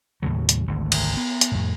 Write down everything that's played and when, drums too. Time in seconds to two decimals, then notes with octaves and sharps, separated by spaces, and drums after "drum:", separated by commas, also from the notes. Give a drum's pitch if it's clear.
0.22 D#2 A2 C#3 F#3
0.49 drum: hi-hat
0.68 G#1 D2
0.92 drum: cymbal
1.17 B3
1.41 drum: hi-hat
1.52 F2 A2